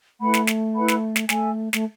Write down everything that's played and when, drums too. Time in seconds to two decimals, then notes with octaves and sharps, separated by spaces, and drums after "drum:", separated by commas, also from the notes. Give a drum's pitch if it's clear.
0.20 A3 E4 B4 F#5 B5
0.34 drum: snare
0.47 drum: snare
0.74 E4 B4 F#5 B5
0.88 drum: snare
1.16 drum: snare
1.29 A3 A4 E5 G#5, drum: snare
1.73 A3, drum: snare